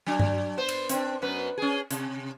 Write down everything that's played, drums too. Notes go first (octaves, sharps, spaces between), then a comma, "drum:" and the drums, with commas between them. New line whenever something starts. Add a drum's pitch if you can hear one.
F#3 D4
drum: tom G2
B3 C5
drum: cymbal
C4 D4, drum: hi-hat
F#2 B3 B4
C#4 G#4
C3, drum: hi-hat